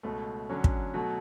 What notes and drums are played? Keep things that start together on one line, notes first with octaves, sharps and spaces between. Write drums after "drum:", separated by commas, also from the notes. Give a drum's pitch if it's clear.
C#2 B2 A3
D3 F#3 C#4
drum: kick
B2 F#3 A3